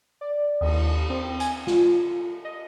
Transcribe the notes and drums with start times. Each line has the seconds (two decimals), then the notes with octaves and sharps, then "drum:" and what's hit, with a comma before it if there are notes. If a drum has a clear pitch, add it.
0.21 D5
0.61 D#2, drum: cymbal
1.10 C4
1.40 G#5, drum: hi-hat
1.67 F4, drum: snare
2.45 D#5